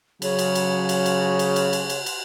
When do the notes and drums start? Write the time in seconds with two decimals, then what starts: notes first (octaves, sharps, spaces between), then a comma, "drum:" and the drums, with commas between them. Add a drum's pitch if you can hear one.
0.22 C#3 F#3 C#5, drum: cymbal
0.39 drum: cymbal
0.55 drum: cymbal
0.89 drum: cymbal
1.06 drum: cymbal
1.39 drum: cymbal
1.56 drum: cymbal
1.73 drum: cymbal
1.90 drum: cymbal
2.06 drum: cymbal